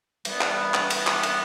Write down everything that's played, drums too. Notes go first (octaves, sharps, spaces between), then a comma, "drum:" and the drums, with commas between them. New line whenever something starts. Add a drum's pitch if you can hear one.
E3 G3 B3, drum: cymbal
drum: clap
drum: clap
drum: cymbal
drum: clap
drum: cymbal